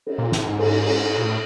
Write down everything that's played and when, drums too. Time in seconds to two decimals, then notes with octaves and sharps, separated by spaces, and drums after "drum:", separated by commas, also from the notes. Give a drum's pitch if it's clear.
0.06 drum: cymbal
0.18 A#2
0.32 A2, drum: snare
0.46 G#2
0.59 drum: cymbal
0.86 drum: cymbal
1.18 A#2
1.25 A2